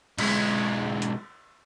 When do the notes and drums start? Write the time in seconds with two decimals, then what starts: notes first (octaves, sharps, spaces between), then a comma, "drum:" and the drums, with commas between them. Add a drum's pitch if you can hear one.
0.18 B1 G#3, drum: cymbal
1.02 drum: hi-hat